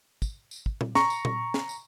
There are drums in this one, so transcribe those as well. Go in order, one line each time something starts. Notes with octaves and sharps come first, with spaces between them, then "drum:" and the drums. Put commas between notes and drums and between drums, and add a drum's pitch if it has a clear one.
drum: kick, tambourine
drum: tambourine
drum: kick
drum: tom A#2
A#5 C#6, drum: snare
drum: tambourine
drum: tom A#2
drum: snare
drum: tambourine